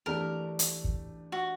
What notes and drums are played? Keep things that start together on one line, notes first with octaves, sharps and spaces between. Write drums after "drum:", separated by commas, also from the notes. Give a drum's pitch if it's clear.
E3 A3 D4 G4 A#4
drum: hi-hat
drum: kick
F#4